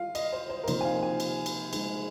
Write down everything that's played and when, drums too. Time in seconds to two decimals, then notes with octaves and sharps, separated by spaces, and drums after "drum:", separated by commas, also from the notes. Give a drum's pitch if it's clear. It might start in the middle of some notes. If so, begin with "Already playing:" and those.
Already playing: F4 F5
0.15 D#5, drum: cymbal
0.33 C5
0.50 C5
0.64 A#4
0.68 C3 F3 A#3 D#4 C5, drum: cymbal
0.81 G#5
0.85 F5
1.03 G#5
1.20 drum: cymbal
1.46 drum: cymbal
1.73 G#3 D#4 G#4, drum: cymbal